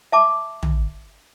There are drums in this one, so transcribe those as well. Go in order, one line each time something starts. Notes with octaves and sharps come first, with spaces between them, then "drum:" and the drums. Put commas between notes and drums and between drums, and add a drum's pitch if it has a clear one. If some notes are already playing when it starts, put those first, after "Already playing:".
E5 A5 D6
drum: tom